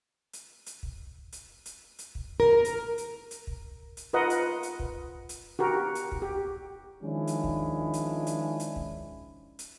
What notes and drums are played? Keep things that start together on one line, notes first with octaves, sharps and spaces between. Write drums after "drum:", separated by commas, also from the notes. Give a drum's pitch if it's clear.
drum: hi-hat
drum: hi-hat
drum: kick
drum: hi-hat
drum: hi-hat
drum: hi-hat
drum: kick
A#4
drum: hi-hat
drum: hi-hat
drum: hi-hat
drum: kick
drum: hi-hat
F4 A#4 B4 D#5 F#5
drum: hi-hat
drum: hi-hat
drum: kick
drum: hi-hat
F#4 G4 A#4
drum: hi-hat
drum: kick
G4
D#3 F3 G#3 C#4 D4 E4
drum: hi-hat
drum: kick
drum: hi-hat
drum: hi-hat
drum: hi-hat
drum: kick
drum: hi-hat